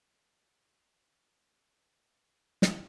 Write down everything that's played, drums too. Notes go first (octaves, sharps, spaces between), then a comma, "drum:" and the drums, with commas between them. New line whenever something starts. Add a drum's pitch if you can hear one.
G#4 A#4 C5 D#5 F#5
drum: snare